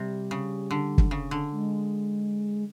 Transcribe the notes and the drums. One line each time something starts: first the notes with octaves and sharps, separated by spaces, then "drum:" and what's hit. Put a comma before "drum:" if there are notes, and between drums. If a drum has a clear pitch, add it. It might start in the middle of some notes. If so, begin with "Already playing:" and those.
Already playing: C3 G3
C#3
D3
drum: kick
C#3
D3
G#3